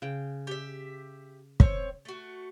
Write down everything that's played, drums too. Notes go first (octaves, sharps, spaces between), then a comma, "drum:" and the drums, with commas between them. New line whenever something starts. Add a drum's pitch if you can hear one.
C#3 G5
G4 E5
C4 C#5, drum: kick
A3 F#4